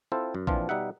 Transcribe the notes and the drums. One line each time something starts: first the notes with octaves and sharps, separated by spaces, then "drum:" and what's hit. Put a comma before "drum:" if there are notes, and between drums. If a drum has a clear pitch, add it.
C4 E4 F4 A4 C5
F#2
A#2 E3 F3 C4 D4 F4, drum: kick
B2 G3 D#4 E5 F#5